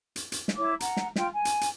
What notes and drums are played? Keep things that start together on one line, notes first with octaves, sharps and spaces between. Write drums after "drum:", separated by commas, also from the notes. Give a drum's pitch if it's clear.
drum: hi-hat
drum: hi-hat
drum: snare
E4 C#5 D6
F#5 A#5, drum: hi-hat
drum: snare
F4 G5, drum: snare
G#5
drum: hi-hat
drum: hi-hat